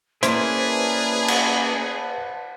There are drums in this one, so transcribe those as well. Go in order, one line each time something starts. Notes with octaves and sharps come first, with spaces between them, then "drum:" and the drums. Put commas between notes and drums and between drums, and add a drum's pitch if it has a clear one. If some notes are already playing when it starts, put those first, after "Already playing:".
A#3 C#4 E4 G#4 B4 C5 D5 A5, drum: hi-hat
drum: cymbal